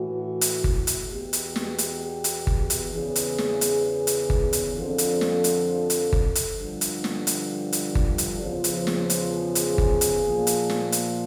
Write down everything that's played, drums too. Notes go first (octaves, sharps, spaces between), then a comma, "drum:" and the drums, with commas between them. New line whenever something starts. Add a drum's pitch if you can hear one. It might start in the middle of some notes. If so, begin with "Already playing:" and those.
Already playing: A2 E3 F#4
drum: hi-hat
drum: kick G1
drum: hi-hat
E2 B2 G4
drum: hi-hat
drum: snare
drum: hi-hat
drum: hi-hat
drum: kick G1
drum: hi-hat
E2 C#3 E3 G#4
drum: hi-hat
drum: snare
drum: hi-hat
drum: hi-hat
drum: kick G1
drum: hi-hat
F2 D3 F3 A4
drum: hi-hat
drum: snare
drum: hi-hat
drum: hi-hat
drum: kick G1
drum: hi-hat
G2 D3 F3
drum: hi-hat
drum: snare
drum: hi-hat
drum: hi-hat
drum: kick G1
drum: hi-hat
E2 C#3 F3
drum: hi-hat
drum: snare
drum: hi-hat
G#4
drum: hi-hat
drum: kick G1
drum: hi-hat
A#2 F3
drum: hi-hat
drum: snare
drum: hi-hat